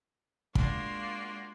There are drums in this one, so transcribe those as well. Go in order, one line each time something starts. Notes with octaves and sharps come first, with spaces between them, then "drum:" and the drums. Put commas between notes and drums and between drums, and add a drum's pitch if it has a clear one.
G#3 A#3 D4 F4 F#4, drum: kick